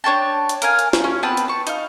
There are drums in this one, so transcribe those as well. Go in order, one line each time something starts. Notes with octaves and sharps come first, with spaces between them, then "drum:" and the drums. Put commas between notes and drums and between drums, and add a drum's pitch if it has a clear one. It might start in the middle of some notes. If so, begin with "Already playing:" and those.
D4 C#5 G5 A5
drum: hi-hat
A#4 F5 G#5, drum: hi-hat
drum: hi-hat
drum: snare
C#4
B3 C4 B4 A5
drum: hi-hat
A5 C#6
D#4 F5, drum: hi-hat